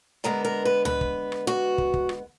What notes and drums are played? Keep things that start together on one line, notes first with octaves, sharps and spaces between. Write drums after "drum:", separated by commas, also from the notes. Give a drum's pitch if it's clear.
D3 G#3 B3 A#4
A#4
B4
B4, drum: tom C#2
drum: kick
drum: rim click
F#4
drum: kick
drum: kick
drum: rim click